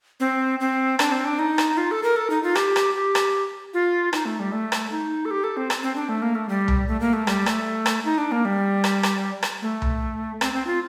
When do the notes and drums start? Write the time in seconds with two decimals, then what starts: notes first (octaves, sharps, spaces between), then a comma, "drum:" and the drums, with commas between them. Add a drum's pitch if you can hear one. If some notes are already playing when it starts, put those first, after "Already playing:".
0.20 C4
0.60 C4
0.99 D4, drum: rim click
1.12 C4
1.25 D4
1.39 D#4
1.58 drum: rim click
1.77 F4
1.91 A4
2.03 A#4
2.16 A4
2.30 D#4
2.44 F4
2.55 G4, drum: rim click
2.76 drum: rim click
2.95 G4
3.15 drum: rim click
3.74 F4
4.13 D#4, drum: rim click
4.25 A3
4.40 G3
4.52 A3
4.72 drum: rim click
4.92 D#4
5.25 A4
5.31 G4
5.44 A4
5.57 C4
5.70 drum: rim click
5.83 C4
5.96 D4
6.09 A3
6.22 A#3
6.35 A3
6.49 G3
6.68 drum: tom C2
6.88 A3
7.00 A#3
7.13 A3
7.27 G3, drum: rim click
7.46 A3, drum: rim click
7.86 drum: rim click
8.05 D#4
8.18 D4
8.32 A#3
8.45 G3
8.84 drum: rim click
9.03 drum: rim click
9.43 drum: rim click
9.62 A3
9.82 drum: tom C2
10.41 C4, drum: rim click
10.53 C4
10.67 F4